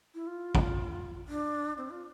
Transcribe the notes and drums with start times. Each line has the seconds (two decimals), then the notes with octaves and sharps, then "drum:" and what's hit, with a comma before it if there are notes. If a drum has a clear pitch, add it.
0.15 E4
0.27 F4
0.55 drum: kick
1.28 D4
1.78 C4
1.90 F4